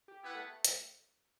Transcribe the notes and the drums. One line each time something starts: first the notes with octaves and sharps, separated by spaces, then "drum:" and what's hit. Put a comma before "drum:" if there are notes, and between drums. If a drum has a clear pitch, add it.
G4
B3 E4 G4 B4 F#5
A3
A3
drum: hi-hat